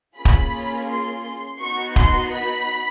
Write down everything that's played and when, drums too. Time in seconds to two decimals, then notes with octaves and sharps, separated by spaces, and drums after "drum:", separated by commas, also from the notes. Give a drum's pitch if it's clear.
0.16 A#3 C#4 F4 G#4 B5
0.25 drum: kick
0.89 C6
1.23 C6
1.60 B3 D#4 F#4 C#6
1.96 C6, drum: kick
2.31 B5